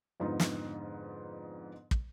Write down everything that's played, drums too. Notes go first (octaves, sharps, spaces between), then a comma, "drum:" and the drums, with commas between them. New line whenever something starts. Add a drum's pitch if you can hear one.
F2 G#2 D3 B3 D#4 F4
drum: snare
drum: kick